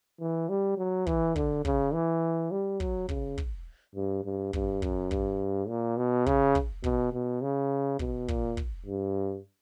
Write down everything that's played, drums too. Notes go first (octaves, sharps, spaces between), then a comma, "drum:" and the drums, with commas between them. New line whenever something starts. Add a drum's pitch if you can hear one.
E3
G3
F#3
E3, drum: kick
D3, drum: kick
C#3, drum: kick
E3
G3
F#3, drum: kick
C#3, drum: kick
drum: kick
G2
G2
G2, drum: kick
F#2, drum: kick
G2, drum: kick
A#2
B2
C#3, drum: kick
drum: kick
B2, drum: kick
B2
C#3
B2, drum: kick
A#2, drum: kick
drum: kick
G2